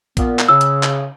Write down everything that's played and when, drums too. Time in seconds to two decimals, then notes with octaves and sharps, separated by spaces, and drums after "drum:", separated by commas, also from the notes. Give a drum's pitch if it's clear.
0.17 A#2 B3, drum: kick, hi-hat
0.39 drum: clap
0.48 C#3 E6
0.61 drum: hi-hat
0.83 drum: clap